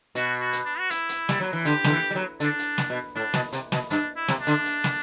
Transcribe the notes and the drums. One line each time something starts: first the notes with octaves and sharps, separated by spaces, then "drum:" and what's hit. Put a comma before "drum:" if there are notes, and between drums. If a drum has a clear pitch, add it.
B2 F#4, drum: hi-hat
F#4
drum: hi-hat
D4
F#4
E4, drum: hi-hat
drum: hi-hat
G3, drum: snare
F#3
E3
D3 G4, drum: hi-hat
D3, drum: snare
E3
G3
F#3
D3 D4, drum: hi-hat
drum: hi-hat
drum: snare
B2
A2 D4
B2, drum: snare
C3, drum: hi-hat
B2, drum: snare
G2 D4, drum: hi-hat
E4
C3, drum: snare
D4
D3, drum: hi-hat
drum: hi-hat
drum: snare